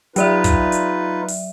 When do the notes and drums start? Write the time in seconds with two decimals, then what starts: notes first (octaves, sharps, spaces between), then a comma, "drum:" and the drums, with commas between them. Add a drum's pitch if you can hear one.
0.16 F#3 D#4 F4 B4 D5 E5, drum: hi-hat
0.44 drum: kick, hi-hat
0.72 drum: hi-hat
1.28 drum: open hi-hat